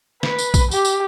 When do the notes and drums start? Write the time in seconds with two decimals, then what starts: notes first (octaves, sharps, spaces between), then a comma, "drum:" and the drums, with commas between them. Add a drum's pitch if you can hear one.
0.23 B4, drum: snare
0.38 drum: tambourine
0.54 drum: kick, tambourine
0.71 G4, drum: tambourine
0.85 drum: tambourine